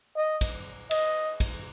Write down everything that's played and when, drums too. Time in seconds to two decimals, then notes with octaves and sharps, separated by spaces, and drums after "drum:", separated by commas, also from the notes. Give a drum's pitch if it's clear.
0.16 D#5
0.41 drum: kick, cymbal
0.91 D#5, drum: cymbal
1.40 drum: kick, cymbal